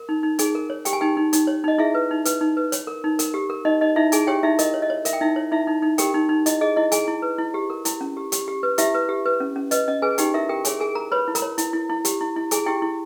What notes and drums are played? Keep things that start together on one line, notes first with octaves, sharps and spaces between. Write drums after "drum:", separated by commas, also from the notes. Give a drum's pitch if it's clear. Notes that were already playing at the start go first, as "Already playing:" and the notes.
Already playing: A#4
D#4
D#4
D#4 G#4 G#5, drum: hi-hat
A#4
C#5
G4 G5, drum: hi-hat
G#5
D#4 G4 G5
D#4
D#4, drum: hi-hat
C#5
D#4 D#5
E4 G#4 E5
B4
D#4
B4, drum: hi-hat
D#4
B4
C#5, drum: hi-hat
A#4
D#4
A#4, drum: hi-hat
G4
A#4
D#4 D#5
D#4 D#5
D#4 E4 E5
D#4 G#4 G#5, drum: hi-hat
G4 C#5 G5
D#4 E4 E5
A#4 D#5, drum: hi-hat
C#5
D#5
C#5
A#4 E5, drum: hi-hat
G5
D#4 E4 E5
C#5
D#4 E4 E5
D#4
D#4
G4 A#4 G5, drum: hi-hat
D#4
D#4
E4 D#5, drum: hi-hat
G#4 D#5
E4 D#5
G#4 G#5, drum: hi-hat
E4
B4
E4
G4
A#4
E4, drum: hi-hat
C#4
G4
G4, drum: hi-hat
G4
B4
E4 G4 E5, drum: hi-hat
B4
G4
B4
C#4
C#4
B4 D#5, drum: hi-hat
C#4 D#5
G#4 B4 G#5
D#4 G4 G5, drum: hi-hat
E4 A#4 E5
G4 A#4 G5
G#4 C#5 G#5, drum: hi-hat
G#4 A#4 G#5
A#4 A#5
B4 C#5 B5
E4
A#4 A#5, drum: hi-hat
C#5
E4, drum: hi-hat
E4
E4
G4, drum: hi-hat
E4
E4
E4 G#4 G#5, drum: hi-hat
E4 G4 G5
E4